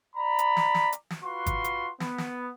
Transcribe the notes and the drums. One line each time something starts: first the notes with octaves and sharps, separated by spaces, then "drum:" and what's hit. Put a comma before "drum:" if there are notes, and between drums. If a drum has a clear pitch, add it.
D5 A#5 B5
drum: hi-hat
drum: snare
drum: snare
drum: hi-hat
drum: snare
F4 F#4 B4 C6
drum: kick, hi-hat
drum: hi-hat
B3, drum: snare
drum: snare